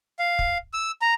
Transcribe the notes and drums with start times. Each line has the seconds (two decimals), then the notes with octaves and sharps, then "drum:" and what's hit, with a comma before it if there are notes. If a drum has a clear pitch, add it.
0.19 F5
0.39 drum: kick
0.74 E6
1.02 A#5